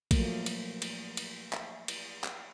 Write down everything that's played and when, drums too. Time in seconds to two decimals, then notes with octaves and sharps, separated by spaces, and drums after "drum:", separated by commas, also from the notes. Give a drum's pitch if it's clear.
0.11 F3 F#3 A3 A#3, drum: kick A#1, cymbal
0.46 drum: cymbal
0.82 drum: cymbal
1.17 drum: cymbal
1.53 drum: clap
1.88 drum: cymbal
2.24 drum: clap